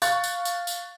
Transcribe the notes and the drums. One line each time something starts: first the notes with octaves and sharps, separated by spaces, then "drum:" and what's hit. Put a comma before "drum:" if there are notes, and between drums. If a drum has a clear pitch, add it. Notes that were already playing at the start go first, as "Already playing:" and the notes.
F5 C#6 F#6 A6, drum: tambourine
drum: tambourine
drum: tambourine
drum: tambourine